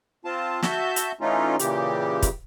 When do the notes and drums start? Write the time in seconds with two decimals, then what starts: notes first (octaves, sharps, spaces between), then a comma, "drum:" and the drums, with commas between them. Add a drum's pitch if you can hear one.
0.25 C4 F4 A5
0.62 F#4 E5 A5 G6, drum: snare
0.96 drum: hi-hat
1.21 E3 A3 C#4 D#4 F4
1.59 A#2 C#3 E3 G4, drum: hi-hat
2.22 drum: kick, hi-hat